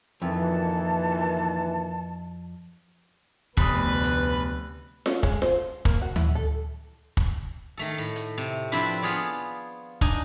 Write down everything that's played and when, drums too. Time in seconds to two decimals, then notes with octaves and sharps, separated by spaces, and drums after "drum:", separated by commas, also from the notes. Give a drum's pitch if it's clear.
0.22 F2 A#2 D#3 E3 A5
3.57 F1 D2 B3 B4 D#6, drum: kick
4.03 drum: hi-hat
5.06 C#4, drum: snare F4
5.23 G#3, drum: kick
5.42 C5, drum: snare F4
5.85 A#3, drum: kick
6.02 F#4
6.16 E4, drum: tom D2
6.35 A4
7.17 drum: kick
7.77 D#3 A3 A4
7.98 A2
8.16 drum: hi-hat
8.38 C3
8.72 F3 C4 D4 E4 B4
9.02 B3 F4 G#4 C#5 D5
10.01 D4 D#4 G#5, drum: kick